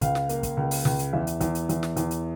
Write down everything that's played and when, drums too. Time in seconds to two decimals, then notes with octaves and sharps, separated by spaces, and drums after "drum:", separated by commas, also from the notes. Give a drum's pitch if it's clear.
0.01 C#2 F5, drum: kick, hi-hat
0.15 drum: snare
0.29 A#3, drum: hi-hat
0.43 drum: kick, hi-hat
0.57 C#2
0.71 drum: open hi-hat
0.85 C#2, drum: snare
0.99 drum: hi-hat
1.13 E2 E5
1.27 drum: hi-hat
1.41 E2, drum: kick, hi-hat
1.55 drum: hi-hat
1.69 E2, drum: hi-hat
1.83 drum: snare
1.96 E2, drum: hi-hat
2.11 drum: hi-hat